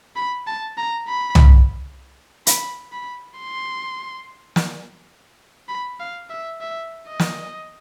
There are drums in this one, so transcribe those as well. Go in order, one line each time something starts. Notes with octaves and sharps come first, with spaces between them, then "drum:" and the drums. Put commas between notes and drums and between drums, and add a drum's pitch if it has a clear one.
B5
A5
A#5
B5
drum: tom C2
B5, drum: hi-hat
B5
C6
drum: snare
B5
F5
E5
E5
D#5
drum: snare